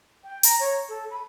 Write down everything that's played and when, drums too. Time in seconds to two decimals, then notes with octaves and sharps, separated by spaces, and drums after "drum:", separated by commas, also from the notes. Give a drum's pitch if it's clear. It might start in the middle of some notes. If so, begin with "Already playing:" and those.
0.23 G5
0.43 A#5, drum: hi-hat
0.59 C#5
0.88 A4
1.10 B5